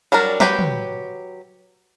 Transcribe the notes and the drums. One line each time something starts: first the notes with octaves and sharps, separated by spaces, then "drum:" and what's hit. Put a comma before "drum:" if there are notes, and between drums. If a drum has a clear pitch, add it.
F#3 G3 D4 A#4
F#3 G4 B4 G5, drum: snare
drum: tom